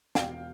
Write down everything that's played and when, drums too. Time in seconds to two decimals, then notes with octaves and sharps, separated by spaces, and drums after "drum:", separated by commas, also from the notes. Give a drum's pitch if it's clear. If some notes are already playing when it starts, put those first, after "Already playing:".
0.15 E1 F5 G5, drum: snare